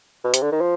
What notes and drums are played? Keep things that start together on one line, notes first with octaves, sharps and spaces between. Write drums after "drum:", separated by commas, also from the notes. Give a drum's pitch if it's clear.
B2
C3, drum: hi-hat
D3
D#3
F3